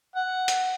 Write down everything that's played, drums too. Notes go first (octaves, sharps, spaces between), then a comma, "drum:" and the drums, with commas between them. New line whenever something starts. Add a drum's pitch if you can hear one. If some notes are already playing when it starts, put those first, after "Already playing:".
F#5
drum: hi-hat